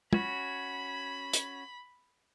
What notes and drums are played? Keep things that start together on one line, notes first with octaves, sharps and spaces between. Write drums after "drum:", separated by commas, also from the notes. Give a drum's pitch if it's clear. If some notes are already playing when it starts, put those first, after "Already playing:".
C#4 F#4 B5, drum: tom
drum: hi-hat